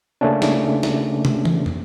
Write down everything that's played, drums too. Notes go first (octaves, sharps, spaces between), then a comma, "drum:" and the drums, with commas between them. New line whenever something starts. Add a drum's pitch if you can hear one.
C#3 A3 A#3 C#4 D4
drum: snare
drum: snare
drum: tom
drum: tom
drum: tom